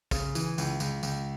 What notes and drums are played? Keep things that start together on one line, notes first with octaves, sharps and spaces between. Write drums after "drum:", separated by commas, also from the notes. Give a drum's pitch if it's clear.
C#3, drum: kick, tambourine
E3, drum: tambourine
C#2, drum: tambourine
C#2, drum: tambourine
C#2, drum: tambourine